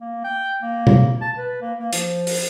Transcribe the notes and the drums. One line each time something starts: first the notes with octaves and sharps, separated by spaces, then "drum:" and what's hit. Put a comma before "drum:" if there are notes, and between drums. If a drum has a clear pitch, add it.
A#3
G5
A#3
drum: tom B2
A5
B4
A#3
A#3
F3, drum: hi-hat
drum: open hi-hat